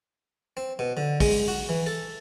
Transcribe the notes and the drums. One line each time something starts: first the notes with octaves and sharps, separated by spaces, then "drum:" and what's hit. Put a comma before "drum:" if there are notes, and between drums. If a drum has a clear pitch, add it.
C4
B2
D3
G#3, drum: kick, open hi-hat
F#4
E3
A4